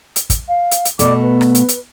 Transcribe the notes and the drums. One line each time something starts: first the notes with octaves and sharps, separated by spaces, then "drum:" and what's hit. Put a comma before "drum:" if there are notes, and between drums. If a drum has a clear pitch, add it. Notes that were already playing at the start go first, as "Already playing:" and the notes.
drum: hi-hat
drum: kick, hi-hat
F5
drum: hi-hat
drum: hi-hat
B2 A3 D5 D6, drum: hi-hat
B4
drum: rim click
drum: hi-hat
drum: hi-hat